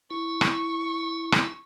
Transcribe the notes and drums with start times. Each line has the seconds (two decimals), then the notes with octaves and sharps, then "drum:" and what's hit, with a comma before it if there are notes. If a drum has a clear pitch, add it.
0.11 E4 C#6
0.41 drum: rim click
1.32 drum: rim click